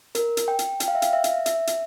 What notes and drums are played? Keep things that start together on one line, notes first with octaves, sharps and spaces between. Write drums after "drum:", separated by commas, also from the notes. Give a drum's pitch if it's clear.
A#4, drum: hi-hat
drum: hi-hat
G5
drum: hi-hat
G5, drum: hi-hat
F5
E5
F5, drum: hi-hat
E5
drum: hi-hat
E5, drum: hi-hat
drum: hi-hat